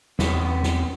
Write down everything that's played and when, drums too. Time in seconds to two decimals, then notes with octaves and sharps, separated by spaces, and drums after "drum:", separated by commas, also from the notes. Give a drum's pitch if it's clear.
0.19 E2 C4 C#4 B4, drum: snare
0.63 drum: snare